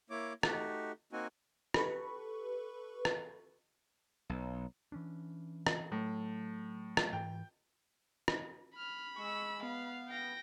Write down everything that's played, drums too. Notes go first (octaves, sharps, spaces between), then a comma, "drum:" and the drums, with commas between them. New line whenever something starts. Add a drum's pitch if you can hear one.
A#3 E4 C#5 D6
A3 D#4 F#4 G4, drum: rim click
A#3 C4 D#4 F#4 G#5
G4 A4 B4 B5 C#6, drum: rim click
drum: rim click
B1
E3 C#4 D4
drum: rim click
A2 F#3
drum: rim click
G#2 E3 G5
drum: rim click
B5 F6
G#3 C#6 E6
B3 F5
G5 A#6